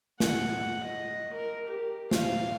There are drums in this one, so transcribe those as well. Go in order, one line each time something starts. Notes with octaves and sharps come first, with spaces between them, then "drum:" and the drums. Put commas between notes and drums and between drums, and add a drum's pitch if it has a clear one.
F#5, drum: snare
D#5
A#4
G4
F5, drum: snare